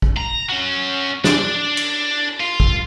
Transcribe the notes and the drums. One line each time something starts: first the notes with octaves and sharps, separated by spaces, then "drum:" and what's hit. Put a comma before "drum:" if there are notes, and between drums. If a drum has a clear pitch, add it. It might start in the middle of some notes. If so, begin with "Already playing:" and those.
drum: kick
A#5
C#4 F#4
D4 D5, drum: snare
drum: cymbal
F4
drum: kick